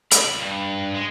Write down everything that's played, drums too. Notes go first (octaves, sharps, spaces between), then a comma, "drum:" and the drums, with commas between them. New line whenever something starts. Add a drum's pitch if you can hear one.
C#2 B5, drum: hi-hat
G2
G#3